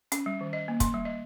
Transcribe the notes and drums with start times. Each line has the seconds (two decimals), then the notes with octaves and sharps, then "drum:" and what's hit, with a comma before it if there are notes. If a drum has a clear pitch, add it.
0.12 C#4, drum: hi-hat
0.26 G3
0.41 D#3
0.53 D#5
0.68 A#3
0.80 C6, drum: kick, hi-hat
0.94 G3
1.05 D#5